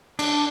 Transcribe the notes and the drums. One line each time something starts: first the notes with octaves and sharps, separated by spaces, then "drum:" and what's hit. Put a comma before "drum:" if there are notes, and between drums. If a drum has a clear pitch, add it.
D4, drum: cymbal